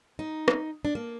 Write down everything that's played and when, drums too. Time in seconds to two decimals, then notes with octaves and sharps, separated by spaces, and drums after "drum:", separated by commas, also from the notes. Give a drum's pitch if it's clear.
0.19 D#4
0.48 drum: rim click
0.85 D4
0.95 A#3